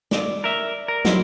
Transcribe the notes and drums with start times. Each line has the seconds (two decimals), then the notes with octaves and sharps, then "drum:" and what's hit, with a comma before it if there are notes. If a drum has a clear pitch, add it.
0.11 D5, drum: snare
0.44 A#4 E5
0.88 A#4
1.05 F#3 E4 G4 C5, drum: snare